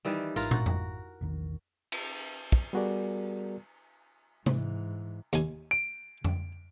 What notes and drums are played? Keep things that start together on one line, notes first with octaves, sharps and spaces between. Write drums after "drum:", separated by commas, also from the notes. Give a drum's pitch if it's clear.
D#3 E3 G3
G#1 E3 F4 A#4, drum: tambourine
F#4, drum: tom
drum: tom F2
A#1 E2 D#3
drum: cymbal
drum: kick
G3 B3 F#4 G#4 A#4 D5
G#2 E3, drum: tom C3
D#2 G#5, drum: hi-hat
D7
drum: tom F2